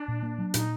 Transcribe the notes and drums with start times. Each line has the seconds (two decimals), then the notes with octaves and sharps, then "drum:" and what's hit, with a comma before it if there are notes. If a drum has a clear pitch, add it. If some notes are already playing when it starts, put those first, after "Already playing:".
Already playing: D4
0.08 A#2
0.23 A#3
0.38 F#3
0.54 A#2 D#4, drum: hi-hat